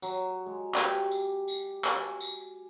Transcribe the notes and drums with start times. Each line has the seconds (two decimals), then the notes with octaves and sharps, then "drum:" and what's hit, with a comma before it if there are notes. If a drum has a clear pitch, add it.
0.02 F#3, drum: tambourine
0.46 G#3
0.74 G4, drum: clap
1.11 drum: tambourine
1.48 drum: tambourine
1.84 drum: clap
1.94 G#5
2.20 drum: tambourine